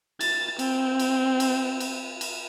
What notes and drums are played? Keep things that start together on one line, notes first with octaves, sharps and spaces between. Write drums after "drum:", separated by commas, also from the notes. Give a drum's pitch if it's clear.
A6, drum: cymbal
C4, drum: cymbal
drum: cymbal
drum: cymbal
drum: cymbal
drum: cymbal